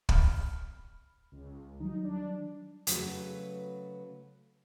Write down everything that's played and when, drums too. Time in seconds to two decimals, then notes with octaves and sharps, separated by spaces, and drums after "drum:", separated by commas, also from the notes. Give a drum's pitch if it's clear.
0.09 B5 F6, drum: kick
1.32 C#2
1.80 D#3 F#3 G3 D#4
2.04 D4
2.87 C#3 F#3 A3 F#4 B4, drum: hi-hat